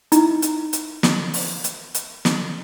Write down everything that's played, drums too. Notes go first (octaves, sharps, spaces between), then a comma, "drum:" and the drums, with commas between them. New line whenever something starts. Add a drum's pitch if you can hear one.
D#4 E4, drum: hi-hat
drum: hi-hat
drum: hi-hat
drum: snare
drum: open hi-hat
drum: hi-hat
drum: hi-hat
drum: snare